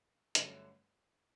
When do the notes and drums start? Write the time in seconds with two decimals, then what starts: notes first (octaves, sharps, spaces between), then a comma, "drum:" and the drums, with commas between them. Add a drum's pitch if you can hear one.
0.35 G2 D3 F#3 A3 C#4, drum: hi-hat